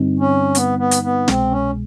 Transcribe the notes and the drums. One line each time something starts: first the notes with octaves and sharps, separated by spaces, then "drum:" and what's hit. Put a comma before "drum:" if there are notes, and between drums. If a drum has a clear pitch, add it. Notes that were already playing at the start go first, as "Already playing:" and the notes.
Already playing: G2 D3 G3 C4 D#4
C#4
B3, drum: hi-hat
B3
drum: hi-hat
B3
C2 B2 G#3 C4, drum: snare
C#4